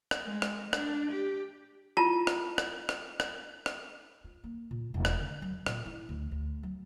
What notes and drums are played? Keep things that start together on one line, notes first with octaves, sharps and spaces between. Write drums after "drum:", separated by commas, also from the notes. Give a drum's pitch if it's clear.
drum: rim click
G#3
drum: rim click
D4, drum: rim click
G4
E4 F4 A5 A#5
drum: rim click
drum: rim click
drum: rim click
drum: rim click
drum: rim click
F4
A#3
A#2
E1
drum: rim click
D3
F#3
A#2, drum: rim click
E4
D2
D2
F#3